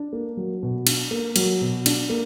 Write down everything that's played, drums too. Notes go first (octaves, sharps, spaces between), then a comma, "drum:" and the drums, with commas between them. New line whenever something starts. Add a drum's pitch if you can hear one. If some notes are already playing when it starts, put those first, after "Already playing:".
Already playing: D4
A#3
F#3
B2
D4, drum: cymbal
A#3
F#3, drum: cymbal
B2
D4, drum: cymbal
A#3